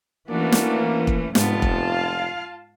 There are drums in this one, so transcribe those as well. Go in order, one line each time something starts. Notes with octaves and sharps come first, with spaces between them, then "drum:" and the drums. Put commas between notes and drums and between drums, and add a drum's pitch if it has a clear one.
E3 A3 A#3 C#4 D4 F#4
drum: snare
drum: kick
F1 G#2 B3 F4 A5, drum: snare
drum: kick
F5